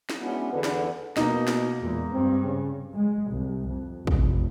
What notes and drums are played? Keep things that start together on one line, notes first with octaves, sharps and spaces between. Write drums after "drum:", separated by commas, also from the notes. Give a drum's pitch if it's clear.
drum: snare
G#3 B3 C#4 D4 E4 F#4
E2 D3 B4
drum: snare
B2 A#3 D#4, drum: snare
drum: snare
E2 A#2 G#3
G2 C4
C#3
G#3
C2
F2
F1, drum: kick